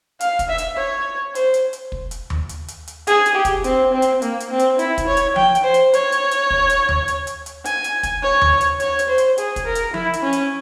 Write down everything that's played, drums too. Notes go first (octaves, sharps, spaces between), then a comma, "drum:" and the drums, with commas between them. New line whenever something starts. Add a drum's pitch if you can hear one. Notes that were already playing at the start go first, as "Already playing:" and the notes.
F5, drum: hi-hat
drum: kick, hi-hat
E5
drum: hi-hat
C#5
C5, drum: hi-hat
drum: hi-hat
drum: hi-hat
drum: kick
drum: hi-hat
drum: tom D#2
drum: hi-hat
drum: hi-hat
drum: hi-hat
G#4, drum: hi-hat
drum: hi-hat
G4
drum: kick, hi-hat
C4, drum: hi-hat
C4
drum: hi-hat
A#3, drum: hi-hat
drum: hi-hat
C4
drum: hi-hat
E4, drum: hi-hat
drum: kick, hi-hat
C#5
drum: hi-hat
G5, drum: tom F3
drum: hi-hat
C5
drum: hi-hat
C#5, drum: hi-hat
drum: hi-hat
drum: hi-hat
drum: kick
drum: hi-hat
drum: tom D#2
drum: hi-hat
drum: hi-hat
drum: hi-hat
G#5, drum: hi-hat
drum: hi-hat
drum: kick, hi-hat
C#5
drum: tom D#2
drum: hi-hat
C#5, drum: hi-hat
drum: hi-hat
C5
drum: hi-hat
G#4, drum: hi-hat
drum: kick, hi-hat
A#4
drum: hi-hat
E4, drum: tom F3
drum: hi-hat
C#4
drum: hi-hat